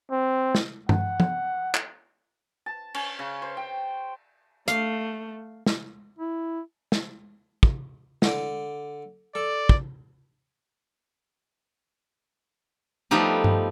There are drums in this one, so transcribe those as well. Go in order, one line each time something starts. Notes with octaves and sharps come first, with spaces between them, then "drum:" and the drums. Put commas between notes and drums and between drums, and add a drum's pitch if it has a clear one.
C4
drum: snare
F#5, drum: tom G2
drum: tom F3
drum: clap
A5
C#4, drum: cymbal
C#3
C5
G5
A3 F5, drum: hi-hat
drum: snare
E4
drum: snare
drum: kick
D3 D5, drum: snare
A4 D5
drum: kick
F3 G3 A3 B3 D#4 G4
drum: tom G2